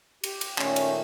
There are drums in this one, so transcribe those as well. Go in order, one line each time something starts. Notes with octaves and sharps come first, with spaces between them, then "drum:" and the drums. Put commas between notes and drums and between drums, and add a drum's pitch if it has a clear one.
G4, drum: cymbal
drum: cymbal
A#2 D#3 A3 C#4, drum: clap
drum: cymbal